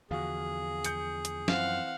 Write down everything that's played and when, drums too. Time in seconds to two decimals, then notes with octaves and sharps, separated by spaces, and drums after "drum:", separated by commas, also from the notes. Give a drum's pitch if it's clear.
0.11 E2 D3 F3 F#4 G#4 F5
0.84 G6 C#7, drum: hi-hat
1.25 drum: hi-hat
1.48 F#2 E3 F3 C4 F5 F#5 E7, drum: snare